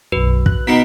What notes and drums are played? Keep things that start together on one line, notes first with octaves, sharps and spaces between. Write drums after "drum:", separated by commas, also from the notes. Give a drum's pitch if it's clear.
B1 F#2 F#4 B4
F#6, drum: kick
B2 D#3 B3 B6 C#7